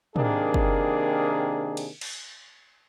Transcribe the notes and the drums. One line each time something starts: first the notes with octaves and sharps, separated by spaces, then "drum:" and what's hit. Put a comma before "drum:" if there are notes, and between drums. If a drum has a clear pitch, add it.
C3 D#3 A#3 D4 G#4, drum: tom
drum: kick
drum: cymbal
drum: cymbal